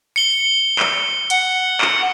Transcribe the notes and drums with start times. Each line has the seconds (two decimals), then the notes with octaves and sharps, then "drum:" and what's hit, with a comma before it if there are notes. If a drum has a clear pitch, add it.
0.16 C#7 G7
0.79 drum: clap
1.30 F#5, drum: hi-hat
1.81 drum: clap